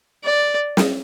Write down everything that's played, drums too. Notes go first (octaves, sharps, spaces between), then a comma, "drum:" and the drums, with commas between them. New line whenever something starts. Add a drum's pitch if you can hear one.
D5
drum: snare